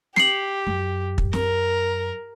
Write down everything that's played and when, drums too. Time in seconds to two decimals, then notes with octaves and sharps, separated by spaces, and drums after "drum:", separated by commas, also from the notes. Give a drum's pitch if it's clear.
0.16 G4 C7 C#7 F#7, drum: snare
0.67 F#2
1.18 drum: kick
1.33 A#4, drum: snare